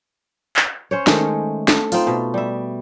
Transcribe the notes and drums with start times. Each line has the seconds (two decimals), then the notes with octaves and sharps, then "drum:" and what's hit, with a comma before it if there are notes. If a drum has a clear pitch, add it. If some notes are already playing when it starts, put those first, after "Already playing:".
0.56 drum: clap
0.91 C#4 C5 C#5
1.07 D#3 G#3 A3, drum: snare
1.68 A3, drum: snare
1.92 C4 D#4 F4, drum: open hi-hat
2.07 B2
2.34 G3 E5